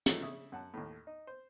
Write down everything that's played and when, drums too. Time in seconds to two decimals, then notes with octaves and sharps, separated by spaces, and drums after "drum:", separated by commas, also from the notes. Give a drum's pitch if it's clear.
0.06 G#2 E3 F3 A3 E4 F#4, drum: hi-hat
0.21 C#3 E5 D#6
0.52 F#2 F#5 A5
0.74 D#2 A2
1.07 D#4
1.27 C5